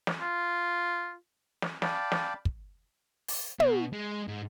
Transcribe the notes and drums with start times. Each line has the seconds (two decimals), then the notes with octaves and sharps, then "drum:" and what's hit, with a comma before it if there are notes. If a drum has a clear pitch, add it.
0.07 drum: snare
0.21 F4
1.62 drum: snare
1.82 D5 F5 G5 A5 B5, drum: snare
2.12 drum: snare
2.45 drum: kick
3.28 drum: open hi-hat
3.60 B2, drum: tom
3.93 G#3
4.28 G#2